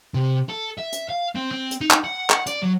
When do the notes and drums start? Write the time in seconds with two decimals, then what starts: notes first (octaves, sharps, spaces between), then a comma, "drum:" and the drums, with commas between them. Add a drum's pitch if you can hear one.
0.14 C3
0.49 A4
0.78 E5
0.92 drum: hi-hat
1.09 F5
1.35 C4
1.51 C4
1.71 drum: hi-hat
1.81 D#4
1.91 drum: clap
2.04 F#5
2.30 drum: clap
2.47 D5, drum: hi-hat
2.62 F#3